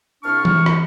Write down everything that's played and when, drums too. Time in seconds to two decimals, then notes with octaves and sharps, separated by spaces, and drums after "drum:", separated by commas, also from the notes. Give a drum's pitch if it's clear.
0.24 C2 D4 C#6 F6
0.45 drum: tom E3
0.66 drum: rim click